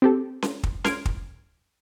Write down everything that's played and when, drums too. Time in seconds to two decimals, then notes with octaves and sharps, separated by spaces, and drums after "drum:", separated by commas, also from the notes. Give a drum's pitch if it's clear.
0.02 C4 G4 A4
0.42 drum: snare C#4
0.63 drum: kick
0.84 C6 F6 G#6 D7, drum: snare C#4
1.05 drum: kick